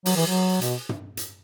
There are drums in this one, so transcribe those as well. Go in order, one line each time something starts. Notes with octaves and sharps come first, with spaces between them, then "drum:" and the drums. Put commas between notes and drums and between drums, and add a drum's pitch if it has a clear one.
F#3, drum: open hi-hat
E3
F#3
B2, drum: hi-hat
drum: tom
drum: hi-hat